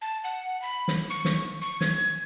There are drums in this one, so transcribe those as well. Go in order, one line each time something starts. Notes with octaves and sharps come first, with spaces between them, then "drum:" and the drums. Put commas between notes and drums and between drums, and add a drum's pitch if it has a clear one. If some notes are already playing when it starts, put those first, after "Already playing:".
A5
F#5
B5
drum: snare
C#6
drum: snare
C#6
G#6, drum: snare